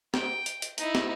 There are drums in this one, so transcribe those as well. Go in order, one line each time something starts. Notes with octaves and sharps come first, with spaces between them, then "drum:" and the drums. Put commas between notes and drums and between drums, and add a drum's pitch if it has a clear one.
G5, drum: snare
drum: hi-hat
drum: hi-hat
D#4 E4, drum: hi-hat
drum: snare